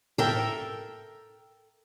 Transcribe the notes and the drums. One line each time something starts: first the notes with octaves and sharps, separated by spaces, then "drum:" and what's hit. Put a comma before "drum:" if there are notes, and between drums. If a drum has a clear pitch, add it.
A4 A#4 E5 G5, drum: tom A2